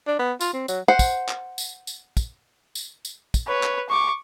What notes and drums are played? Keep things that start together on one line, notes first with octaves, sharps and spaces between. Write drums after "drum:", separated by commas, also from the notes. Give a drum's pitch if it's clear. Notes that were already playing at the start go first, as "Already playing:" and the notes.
D4
B3
F4, drum: tambourine
C4
F#3, drum: tambourine
C5 F#5
drum: kick, tambourine
drum: clap
drum: tambourine
drum: tambourine
drum: kick, tambourine
drum: tambourine
drum: tambourine
drum: kick, tambourine
B4 C#5
drum: clap
C#6 D6